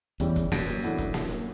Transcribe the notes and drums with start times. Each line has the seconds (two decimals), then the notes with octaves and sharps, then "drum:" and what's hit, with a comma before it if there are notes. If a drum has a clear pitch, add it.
0.20 E2 C#3 E3 G3 C#4 G4, drum: hi-hat
0.36 drum: kick, hi-hat
0.52 F#2, drum: snare A#3
0.67 drum: hi-hat
0.83 A2 E3 B3 D4, drum: hi-hat
0.98 drum: kick, hi-hat
1.14 drum: snare A#3
1.29 drum: hi-hat